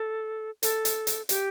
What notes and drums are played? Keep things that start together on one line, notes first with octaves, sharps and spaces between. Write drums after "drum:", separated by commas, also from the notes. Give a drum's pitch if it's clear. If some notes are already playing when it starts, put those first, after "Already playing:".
Already playing: A4
A4, drum: hi-hat
drum: hi-hat
drum: hi-hat
G4, drum: hi-hat